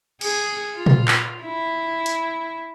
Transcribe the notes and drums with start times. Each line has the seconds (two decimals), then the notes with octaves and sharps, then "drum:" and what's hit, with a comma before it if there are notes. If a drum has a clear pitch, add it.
0.21 G#4, drum: cymbal
0.76 F4
0.86 drum: tom A#2
1.08 drum: clap
1.42 E4
2.06 drum: hi-hat